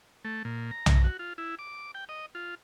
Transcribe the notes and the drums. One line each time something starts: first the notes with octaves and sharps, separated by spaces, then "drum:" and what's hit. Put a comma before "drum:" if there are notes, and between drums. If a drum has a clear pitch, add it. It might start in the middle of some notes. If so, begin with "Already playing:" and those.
A3
A#2
A#5
drum: tom B1
F#4
F4
E4
D6
G5
D#5
F4